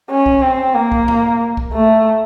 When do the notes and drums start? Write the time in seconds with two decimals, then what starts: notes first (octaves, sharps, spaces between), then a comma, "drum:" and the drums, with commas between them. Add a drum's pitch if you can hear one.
0.10 C#4
0.26 drum: kick B1
0.42 C4
0.75 A#3
0.92 drum: kick B1
1.08 drum: tom G#2
1.57 drum: kick B1
1.73 A3